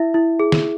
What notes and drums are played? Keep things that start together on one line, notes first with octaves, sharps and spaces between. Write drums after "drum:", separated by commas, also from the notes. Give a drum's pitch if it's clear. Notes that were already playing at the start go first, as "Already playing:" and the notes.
Already playing: E4 E5
E4
G#4
drum: snare